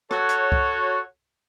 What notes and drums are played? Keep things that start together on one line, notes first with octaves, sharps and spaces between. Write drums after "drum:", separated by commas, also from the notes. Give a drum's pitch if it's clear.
F#4 A4 C#5, drum: rim click
drum: hi-hat
drum: kick C2